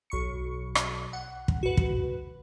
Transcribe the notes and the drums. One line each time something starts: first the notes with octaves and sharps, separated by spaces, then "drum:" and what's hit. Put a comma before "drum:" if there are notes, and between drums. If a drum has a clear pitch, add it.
B1 C#6 C#7
drum: rim click
F#5
drum: kick
F#4 B4
drum: kick